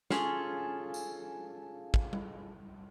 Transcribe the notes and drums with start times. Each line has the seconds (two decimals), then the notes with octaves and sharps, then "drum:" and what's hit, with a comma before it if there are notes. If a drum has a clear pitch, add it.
0.11 C#4 F4 G#4 A4, drum: snare
0.94 drum: tambourine
1.94 drum: kick
2.13 drum: tom G3